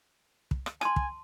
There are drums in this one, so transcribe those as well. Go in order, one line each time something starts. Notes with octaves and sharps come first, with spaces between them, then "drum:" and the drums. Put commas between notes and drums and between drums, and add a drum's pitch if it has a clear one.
drum: kick
drum: rim click
G#5 A5 C6, drum: rim click
drum: kick